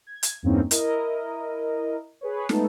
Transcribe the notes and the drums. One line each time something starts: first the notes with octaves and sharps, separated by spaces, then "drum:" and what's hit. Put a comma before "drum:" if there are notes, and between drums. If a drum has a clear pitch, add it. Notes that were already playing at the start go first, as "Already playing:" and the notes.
G#6
drum: hi-hat
E2 G2 A#3 C4 C#4 D#4
E4 A#4 D#5, drum: hi-hat
G#4 B4 C#5
G#3 A3 B3 D#4 A4, drum: snare